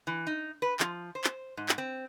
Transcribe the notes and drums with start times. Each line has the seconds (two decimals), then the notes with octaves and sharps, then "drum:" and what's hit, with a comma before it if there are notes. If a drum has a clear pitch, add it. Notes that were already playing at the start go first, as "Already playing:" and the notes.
0.07 E3
0.27 D#4
0.62 B4
0.80 F3, drum: clap
1.15 C5
1.24 drum: clap
1.57 G#2
1.69 drum: clap
1.78 C4